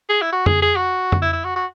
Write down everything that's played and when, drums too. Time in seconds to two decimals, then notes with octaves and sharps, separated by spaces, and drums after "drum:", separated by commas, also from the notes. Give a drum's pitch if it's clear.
0.10 G#4
0.22 E4
0.32 F#4
0.46 G#4, drum: tom F2
0.62 G#4
0.76 F#4
1.12 drum: tom F2
1.22 E4
1.33 E4
1.44 F#4
1.56 F#4